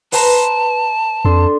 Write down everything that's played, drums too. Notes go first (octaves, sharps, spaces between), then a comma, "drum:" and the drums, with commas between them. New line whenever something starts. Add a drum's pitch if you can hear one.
B4 C5 A5 A#5, drum: open hi-hat
F2 D4 A4 C6